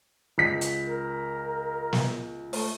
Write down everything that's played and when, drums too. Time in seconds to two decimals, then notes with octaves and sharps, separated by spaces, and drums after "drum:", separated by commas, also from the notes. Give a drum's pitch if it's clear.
0.38 C#2 B6
0.61 drum: hi-hat
0.86 A#4
1.93 drum: snare
2.53 A3, drum: open hi-hat